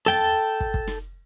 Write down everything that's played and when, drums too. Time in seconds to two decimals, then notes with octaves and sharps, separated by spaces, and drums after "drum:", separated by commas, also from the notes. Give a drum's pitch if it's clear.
0.06 A4 G5 A5, drum: tom
0.60 drum: kick
0.74 drum: kick
0.87 drum: snare